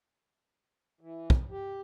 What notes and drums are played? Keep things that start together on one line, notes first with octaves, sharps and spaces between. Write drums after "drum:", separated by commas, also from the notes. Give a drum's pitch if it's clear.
E3
drum: kick
G4